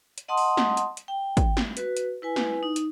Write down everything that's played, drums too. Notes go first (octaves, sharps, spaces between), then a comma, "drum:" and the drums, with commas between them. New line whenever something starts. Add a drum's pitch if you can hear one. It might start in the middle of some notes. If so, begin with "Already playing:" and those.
drum: hi-hat
D#5 F#5 A5 C6 D#6
drum: open hi-hat
drum: snare
drum: hi-hat
drum: hi-hat
G5
drum: kick, hi-hat
drum: snare
F#4 B4, drum: hi-hat
drum: hi-hat
E4 B4 G#5
drum: snare
D#4
drum: hi-hat